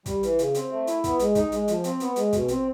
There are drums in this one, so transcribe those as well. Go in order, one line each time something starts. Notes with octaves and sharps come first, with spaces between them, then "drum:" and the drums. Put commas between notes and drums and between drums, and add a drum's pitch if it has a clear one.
G3, drum: kick, hi-hat
E3, drum: hi-hat
C#3, drum: hi-hat
C4, drum: hi-hat
A3
E4, drum: hi-hat
B3, drum: kick, hi-hat
G#3, drum: hi-hat
D#4, drum: kick, hi-hat
G#3, drum: hi-hat
F3, drum: hi-hat
C4, drum: hi-hat
B3, drum: hi-hat
G#3, drum: hi-hat
B2, drum: kick, hi-hat
C4, drum: hi-hat